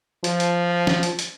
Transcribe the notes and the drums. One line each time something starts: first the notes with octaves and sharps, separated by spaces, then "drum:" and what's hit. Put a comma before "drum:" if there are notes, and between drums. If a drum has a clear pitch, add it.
F3, drum: hi-hat
drum: hi-hat
drum: snare
drum: hi-hat
drum: hi-hat